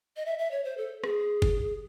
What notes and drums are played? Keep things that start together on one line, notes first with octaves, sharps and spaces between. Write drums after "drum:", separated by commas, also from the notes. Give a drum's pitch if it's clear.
D#5
E5
E5
C#5
C5
A4
G#4, drum: rim click
drum: kick G1